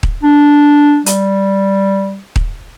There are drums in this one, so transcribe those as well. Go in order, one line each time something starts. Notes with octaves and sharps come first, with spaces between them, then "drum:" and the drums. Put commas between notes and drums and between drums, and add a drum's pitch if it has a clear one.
drum: kick D#1
D4
G3, drum: hi-hat
drum: kick D#1